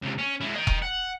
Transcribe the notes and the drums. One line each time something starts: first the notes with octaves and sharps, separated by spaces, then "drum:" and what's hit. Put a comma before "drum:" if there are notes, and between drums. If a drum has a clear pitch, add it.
C#2 C3
C#4
G#3 E4
D#5 G5
drum: kick E1
F#5